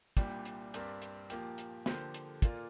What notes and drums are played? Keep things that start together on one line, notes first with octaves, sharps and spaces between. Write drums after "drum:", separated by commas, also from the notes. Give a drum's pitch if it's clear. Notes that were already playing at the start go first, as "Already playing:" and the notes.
C2 A#2 G3 D4 G4, drum: kick, hi-hat
drum: hi-hat
G2 G3 C4 A#4 D5, drum: hi-hat
drum: hi-hat
A#2 F3 A#3 G4, drum: hi-hat
drum: hi-hat
D3 F3 A#3 G4 C5, drum: snare
drum: hi-hat
A#2 A#3 F4 D5, drum: kick, hi-hat